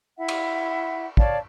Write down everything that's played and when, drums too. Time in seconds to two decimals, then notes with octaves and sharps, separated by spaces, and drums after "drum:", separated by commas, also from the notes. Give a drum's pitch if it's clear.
0.18 E4 E5 F#5 B5
0.28 drum: cymbal
1.17 C#5 D5 F5 A5, drum: kick